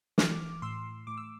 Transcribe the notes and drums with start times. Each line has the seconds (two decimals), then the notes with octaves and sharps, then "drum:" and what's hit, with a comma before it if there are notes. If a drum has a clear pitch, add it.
0.18 E3 D6 F6, drum: snare
0.62 A2 C6 E6
1.07 A2 D6
1.17 E6